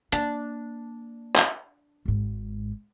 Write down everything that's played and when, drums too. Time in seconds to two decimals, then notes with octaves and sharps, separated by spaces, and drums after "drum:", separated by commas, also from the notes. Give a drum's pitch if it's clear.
0.12 A#3 D4, drum: hi-hat
1.36 drum: clap
2.06 G#1 G#2